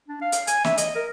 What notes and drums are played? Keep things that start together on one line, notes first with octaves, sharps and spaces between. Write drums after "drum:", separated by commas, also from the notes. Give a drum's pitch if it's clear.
D4
F5
drum: hi-hat
G#5, drum: hi-hat
E5, drum: snare
D#5, drum: hi-hat
A#4